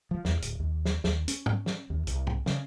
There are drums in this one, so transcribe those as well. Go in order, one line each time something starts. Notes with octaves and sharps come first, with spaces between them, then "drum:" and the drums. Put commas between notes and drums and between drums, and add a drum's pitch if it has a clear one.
F3
E2, drum: snare
D1, drum: hi-hat
D#2
drum: snare
D#2, drum: snare
C#4, drum: hi-hat
drum: tom
drum: snare
D#2
C2, drum: hi-hat
drum: tom
C#3, drum: snare